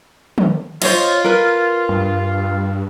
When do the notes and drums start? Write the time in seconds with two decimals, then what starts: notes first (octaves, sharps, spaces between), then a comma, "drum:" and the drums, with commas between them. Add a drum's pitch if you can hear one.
0.38 drum: tom
0.82 F4 C5 C#5 D#5, drum: cymbal
1.25 A#4 B4
1.89 G2